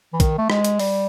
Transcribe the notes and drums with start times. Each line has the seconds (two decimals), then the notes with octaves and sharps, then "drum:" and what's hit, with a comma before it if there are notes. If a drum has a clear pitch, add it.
0.13 E3
0.20 D#3, drum: kick, hi-hat
0.38 A3
0.50 G#3, drum: rim click
0.64 drum: hi-hat
0.79 G3, drum: open hi-hat